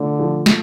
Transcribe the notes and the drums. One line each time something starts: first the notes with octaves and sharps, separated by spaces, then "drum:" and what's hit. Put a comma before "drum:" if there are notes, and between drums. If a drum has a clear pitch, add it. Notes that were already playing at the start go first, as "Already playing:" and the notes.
Already playing: D3 A3 F4
F3
A3, drum: snare